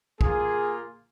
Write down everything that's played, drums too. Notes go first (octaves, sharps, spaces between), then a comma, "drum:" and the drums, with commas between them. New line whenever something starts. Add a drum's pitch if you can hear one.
A#3 F4 G#4, drum: kick